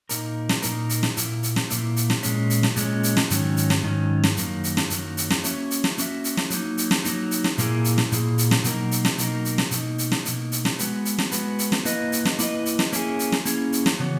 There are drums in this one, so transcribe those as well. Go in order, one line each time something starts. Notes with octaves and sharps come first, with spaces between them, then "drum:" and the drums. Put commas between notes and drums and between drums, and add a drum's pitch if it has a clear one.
A#2 A#3 D#4 A#4, drum: hi-hat
drum: snare
A#2 A#3 D#4 A#4, drum: hi-hat
drum: hi-hat
drum: snare
A#2 A#3 E4, drum: hi-hat
drum: hi-hat
drum: snare
A#2 A#3 E4, drum: hi-hat
drum: hi-hat
drum: snare
A#2 G#3 C#4, drum: hi-hat
drum: hi-hat
drum: snare
A#2 G#3 C#4, drum: hi-hat
drum: hi-hat
drum: snare
G#2 D#3 F#3 C#4, drum: hi-hat
drum: hi-hat
drum: snare
G#2 D#3 F#3 C#4
drum: snare
F#2 D#3 F#3 A#3, drum: hi-hat
drum: hi-hat
drum: snare
F#2 D#3 F#3 A#3, drum: hi-hat
drum: hi-hat
drum: snare
A#3 C#4 F#4 C#5 E5, drum: hi-hat
drum: hi-hat
drum: snare
A#3 C#4 F#4 C#5 E5, drum: hi-hat
drum: hi-hat
drum: snare
F#3 A#3 D#4, drum: hi-hat
drum: hi-hat
drum: snare
F#3 A#3 D#4, drum: hi-hat
drum: hi-hat
drum: snare
A#2 A#3 E4 G#4, drum: hi-hat
drum: hi-hat
drum: snare
A#2 A#3 E4 G#4, drum: hi-hat
drum: hi-hat
drum: snare
B2 F#3 A#3 D#4 A#4, drum: hi-hat
drum: hi-hat
drum: snare
B2 F#3 A#3 D#4 A#4, drum: hi-hat
drum: hi-hat
drum: snare
B2 A#3 D#4, drum: hi-hat
drum: hi-hat
drum: snare
B2 A#3 D#4, drum: hi-hat
drum: hi-hat
drum: snare
G#3 B3 F#4 B4, drum: hi-hat
drum: hi-hat
drum: snare
G#3 B3 F#4 B4, drum: hi-hat
drum: hi-hat
drum: snare
A#3 E4 B4 D#5, drum: hi-hat
drum: hi-hat
drum: snare
A#3 E4 B4 D#5, drum: hi-hat
drum: hi-hat
drum: snare
A#3 C#4 E4 G#4, drum: hi-hat
drum: hi-hat
drum: snare
A#3 C#4 E4 G#4, drum: hi-hat
drum: hi-hat
drum: snare
C#3 E3 B3 F#4 C#5